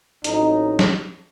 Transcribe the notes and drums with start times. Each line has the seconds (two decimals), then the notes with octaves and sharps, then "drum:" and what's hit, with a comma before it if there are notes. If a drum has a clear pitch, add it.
0.24 A1 A2 F#3 C4 D#4, drum: hi-hat
0.79 drum: snare